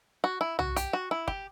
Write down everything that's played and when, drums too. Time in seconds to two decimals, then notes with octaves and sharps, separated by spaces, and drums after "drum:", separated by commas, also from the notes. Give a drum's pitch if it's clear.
0.24 F#4
0.41 E4
0.59 F#4, drum: tom
0.76 G4, drum: hi-hat
0.93 F#4
1.11 E4
1.28 G4, drum: kick